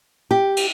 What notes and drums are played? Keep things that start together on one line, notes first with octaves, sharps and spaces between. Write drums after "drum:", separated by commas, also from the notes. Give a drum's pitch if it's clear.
G4
drum: cymbal